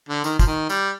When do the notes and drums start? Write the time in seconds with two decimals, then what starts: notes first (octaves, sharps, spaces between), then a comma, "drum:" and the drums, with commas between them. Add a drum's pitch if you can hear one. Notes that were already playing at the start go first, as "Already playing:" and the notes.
0.09 D3
0.24 D#3, drum: tambourine
0.39 F3, drum: kick, tambourine
0.47 D#3
0.69 G3, drum: tambourine